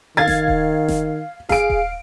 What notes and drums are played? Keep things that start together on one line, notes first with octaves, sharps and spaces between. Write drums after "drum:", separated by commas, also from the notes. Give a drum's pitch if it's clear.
D#3 F5 G#6 A6
drum: snare F#1
drum: kick D#1
drum: snare F#1
G#4 F5 D7, drum: snare F#1
drum: kick D#1